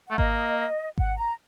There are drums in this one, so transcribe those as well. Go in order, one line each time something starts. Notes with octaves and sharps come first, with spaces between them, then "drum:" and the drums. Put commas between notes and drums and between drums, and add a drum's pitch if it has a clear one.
A3 F#5
A#3 D#5, drum: kick G#1
F#5, drum: kick G#1
A#5